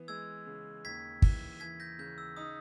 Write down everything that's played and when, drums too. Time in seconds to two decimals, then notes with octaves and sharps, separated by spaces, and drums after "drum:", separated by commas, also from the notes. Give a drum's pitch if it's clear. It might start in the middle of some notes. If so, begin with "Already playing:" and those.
Already playing: E3 B3
0.08 G#3 E6 G#6
0.47 C#3
0.85 D#2 G#6 B6
1.22 E3, drum: kick
1.60 E3 G#6 B6
1.80 G6 A#6
1.99 C#3 G6
2.18 E6
2.37 D#4 D#6